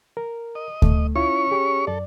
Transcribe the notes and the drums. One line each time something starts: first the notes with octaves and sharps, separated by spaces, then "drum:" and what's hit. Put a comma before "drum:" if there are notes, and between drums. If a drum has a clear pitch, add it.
A#4
D#5
A3, drum: kick D2
C#4 E4 F4 C#5 C#6
G4 G#4
F#2 A4 D5